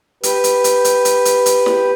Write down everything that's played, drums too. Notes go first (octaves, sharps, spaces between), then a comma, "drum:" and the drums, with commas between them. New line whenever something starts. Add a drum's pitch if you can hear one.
G4 B4, drum: hi-hat
drum: hi-hat
drum: hi-hat
drum: hi-hat
drum: hi-hat
drum: hi-hat
drum: hi-hat
drum: snare